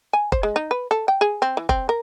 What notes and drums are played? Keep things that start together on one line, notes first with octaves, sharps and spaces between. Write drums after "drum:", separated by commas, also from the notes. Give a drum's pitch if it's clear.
G#5
C5, drum: kick
G#3
D#4
B4
A4
G5
G#4
C4
E3
C4, drum: kick
A#4